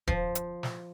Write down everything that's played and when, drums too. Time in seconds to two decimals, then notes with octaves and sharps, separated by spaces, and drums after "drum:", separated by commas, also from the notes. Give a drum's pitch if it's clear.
0.08 F3, drum: kick D#1
0.35 drum: hi-hat
0.63 drum: snare